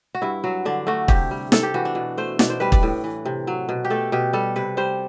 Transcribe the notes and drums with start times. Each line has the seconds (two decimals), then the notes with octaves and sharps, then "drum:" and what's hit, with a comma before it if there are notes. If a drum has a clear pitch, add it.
0.15 F#4
0.22 G2 E4
0.44 F#3 F#4
0.65 D3 D4
0.87 A3 F#4
1.08 C3 G4, drum: kick
1.31 G3
1.52 C3 A4, drum: snare
1.63 G4
1.74 E3 F#4
1.85 D4
1.95 B2
2.17 A3 C5
2.39 B2 D5, drum: snare
2.50 C5
2.60 G3 B4
2.72 D5, drum: kick
2.83 A2
3.04 E3
3.25 C3
3.47 F#3
3.69 B2
3.85 G4
3.90 A3 A4
4.12 B2 G4
4.33 G3 A4
4.56 C3 B4
4.77 G3 C5